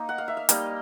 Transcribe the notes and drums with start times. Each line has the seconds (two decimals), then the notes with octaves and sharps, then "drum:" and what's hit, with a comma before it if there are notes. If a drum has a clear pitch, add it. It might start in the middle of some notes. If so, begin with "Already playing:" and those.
Already playing: A#3 D#4
0.09 F#5
0.18 F5
0.28 E5
0.37 F5
0.49 G3 A#3 D#4 D#5, drum: hi-hat